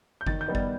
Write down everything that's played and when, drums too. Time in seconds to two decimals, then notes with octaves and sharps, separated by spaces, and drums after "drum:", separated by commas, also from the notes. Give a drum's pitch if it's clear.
0.21 G6
0.27 D#3 A6, drum: kick G1
0.41 G6
0.48 G3 B3 D#4
0.55 A6, drum: kick G1